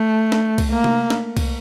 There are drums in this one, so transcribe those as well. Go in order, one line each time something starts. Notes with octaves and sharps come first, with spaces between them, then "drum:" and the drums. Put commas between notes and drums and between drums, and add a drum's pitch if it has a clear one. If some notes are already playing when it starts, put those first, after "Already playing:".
Already playing: A3
drum: snare
drum: kick C2, cymbal
A#3
drum: tom C3
drum: snare
drum: kick C2, cymbal